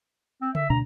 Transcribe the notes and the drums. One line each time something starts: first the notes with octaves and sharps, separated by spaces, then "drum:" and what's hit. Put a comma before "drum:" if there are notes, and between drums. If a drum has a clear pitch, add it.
C4
E5, drum: tom C#3
D2 B2 D4 A#5